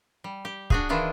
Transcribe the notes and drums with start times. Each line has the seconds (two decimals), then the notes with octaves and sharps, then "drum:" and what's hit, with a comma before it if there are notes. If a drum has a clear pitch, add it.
0.24 G3
0.45 G4
0.70 D4 F#4 G#4, drum: kick C#1
0.89 D#3 E3 D4 E4 F4